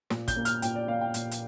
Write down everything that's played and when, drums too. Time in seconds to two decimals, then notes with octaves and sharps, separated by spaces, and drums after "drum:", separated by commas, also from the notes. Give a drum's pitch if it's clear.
0.10 A#2, drum: snare
0.28 G6, drum: kick, hi-hat
0.36 A#3
0.45 F6, drum: hi-hat
0.62 A#2 G5, drum: hi-hat
0.75 D5
0.88 A#3 F5
1.01 G5
1.14 A#2, drum: hi-hat
1.31 drum: hi-hat